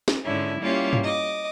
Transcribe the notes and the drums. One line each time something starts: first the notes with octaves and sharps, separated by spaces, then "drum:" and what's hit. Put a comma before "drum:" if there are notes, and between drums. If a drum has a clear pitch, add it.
drum: snare
G#2 D3 C#4 E4
G3 A#3 C#4 E4 F4 G4
drum: tom
D#5 D6